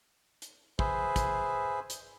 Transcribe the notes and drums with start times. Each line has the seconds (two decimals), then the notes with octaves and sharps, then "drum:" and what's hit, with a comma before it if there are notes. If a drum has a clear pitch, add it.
0.42 drum: hi-hat
0.79 G#4 B4 C5 E5, drum: kick
1.16 drum: kick, hi-hat
1.90 drum: hi-hat